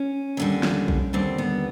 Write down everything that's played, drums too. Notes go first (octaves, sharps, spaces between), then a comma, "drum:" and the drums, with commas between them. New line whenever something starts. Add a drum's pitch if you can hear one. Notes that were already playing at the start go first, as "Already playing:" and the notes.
Already playing: C#4
D#2 D3 G3
drum: snare
drum: kick A#1
D#2 D3 G3 C4
B3